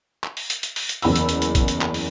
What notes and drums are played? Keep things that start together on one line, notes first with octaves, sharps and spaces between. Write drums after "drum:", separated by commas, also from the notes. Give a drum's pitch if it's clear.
drum: clap
drum: open hi-hat
drum: hi-hat
drum: hi-hat
drum: open hi-hat
drum: hi-hat
F#1 E2 B5 E6, drum: open hi-hat
drum: hi-hat
drum: hi-hat
drum: hi-hat
drum: kick, hi-hat
drum: hi-hat
drum: clap
drum: open hi-hat